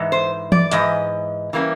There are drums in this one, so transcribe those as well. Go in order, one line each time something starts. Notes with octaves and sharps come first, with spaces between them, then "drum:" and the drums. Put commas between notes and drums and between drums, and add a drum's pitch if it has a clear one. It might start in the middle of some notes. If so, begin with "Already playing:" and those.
Already playing: G#2 E3
C5
D5, drum: tom E3
G#2 E3 D#5, drum: hi-hat
E3 G3 A#3 C#4